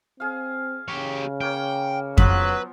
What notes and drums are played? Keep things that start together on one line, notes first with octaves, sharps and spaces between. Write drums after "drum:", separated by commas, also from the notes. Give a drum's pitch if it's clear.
C4 G#4 F5
C#3 G4 C#5
A#3 A#4 C#5 G5
F3 F#3 B3 B4, drum: kick F2